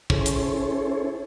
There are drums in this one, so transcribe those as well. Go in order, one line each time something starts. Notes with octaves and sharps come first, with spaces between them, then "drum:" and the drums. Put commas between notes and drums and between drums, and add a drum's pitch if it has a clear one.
C#4 E4 G#4 A4 C5 C#5, drum: kick
drum: hi-hat